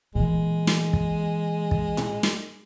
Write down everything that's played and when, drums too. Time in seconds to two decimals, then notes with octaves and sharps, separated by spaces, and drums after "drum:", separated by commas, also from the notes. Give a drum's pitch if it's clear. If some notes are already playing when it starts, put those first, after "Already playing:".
0.15 A#2 E3 G#3
0.67 drum: snare
0.93 drum: kick
1.71 drum: kick
1.97 drum: tom A2
2.23 drum: snare